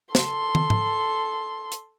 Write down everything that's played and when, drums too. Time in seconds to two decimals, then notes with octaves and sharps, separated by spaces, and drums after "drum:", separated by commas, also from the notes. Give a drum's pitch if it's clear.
0.15 A4 C6, drum: snare
0.55 drum: tom
0.70 drum: tom G#2
1.72 drum: hi-hat